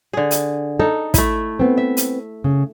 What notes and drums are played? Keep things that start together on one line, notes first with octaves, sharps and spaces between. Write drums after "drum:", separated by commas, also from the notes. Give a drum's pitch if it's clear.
D3 G#4
drum: hi-hat
D#4 A4
A3 E4, drum: kick, hi-hat
B3 C4
E5
drum: hi-hat
C#3